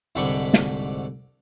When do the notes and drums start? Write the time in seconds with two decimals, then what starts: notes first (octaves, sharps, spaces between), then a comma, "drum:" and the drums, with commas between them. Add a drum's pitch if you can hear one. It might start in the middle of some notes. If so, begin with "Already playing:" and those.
0.15 C2 G#2 D3 G5 B5 C#6
0.54 drum: snare